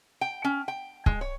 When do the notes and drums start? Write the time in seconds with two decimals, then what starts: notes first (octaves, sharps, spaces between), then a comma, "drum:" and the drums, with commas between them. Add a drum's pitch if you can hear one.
0.21 G5
0.44 C#4
0.68 G5
1.06 G#3, drum: kick C#1
1.21 C#5